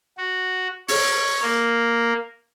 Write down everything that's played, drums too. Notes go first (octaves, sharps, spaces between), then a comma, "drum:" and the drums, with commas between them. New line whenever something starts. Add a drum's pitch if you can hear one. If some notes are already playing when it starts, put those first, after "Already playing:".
F#4
C#5, drum: open hi-hat
A#3